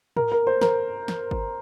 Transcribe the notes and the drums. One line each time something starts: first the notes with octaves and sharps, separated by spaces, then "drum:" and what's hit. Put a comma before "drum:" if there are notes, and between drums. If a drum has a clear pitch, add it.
A#4, drum: tom
A#4
C5
A#4, drum: snare
drum: snare
drum: kick G#1